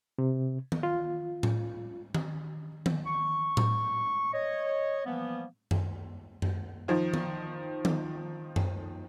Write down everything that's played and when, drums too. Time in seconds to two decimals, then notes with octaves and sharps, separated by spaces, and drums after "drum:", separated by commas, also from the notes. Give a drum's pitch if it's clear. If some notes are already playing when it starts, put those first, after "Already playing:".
0.18 C3
0.72 drum: tom D#3
0.83 F4
1.43 drum: tom A2
2.15 drum: tom D#3
2.86 drum: tom D#3
3.06 C#6
3.57 drum: tom A2
4.33 C#5 D#5
5.05 E3 F3 G3 A#3 B3
5.71 drum: tom F#2
6.42 drum: tom F#2
6.88 D#3 F3
7.14 drum: tom D#3
7.85 drum: tom D#3
8.56 drum: tom F#2